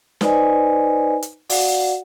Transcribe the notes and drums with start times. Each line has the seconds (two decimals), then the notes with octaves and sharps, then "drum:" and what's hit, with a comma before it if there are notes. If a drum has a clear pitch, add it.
0.21 D#4 B4 C5 D5 D#5 G#5, drum: snare
1.23 drum: hi-hat
1.50 F#4 D5 F5 F#5, drum: open hi-hat